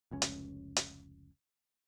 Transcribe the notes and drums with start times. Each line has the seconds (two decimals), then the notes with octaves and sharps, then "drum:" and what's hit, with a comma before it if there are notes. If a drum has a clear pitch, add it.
0.11 F1 C#2 C#4
0.22 drum: hi-hat
0.76 drum: hi-hat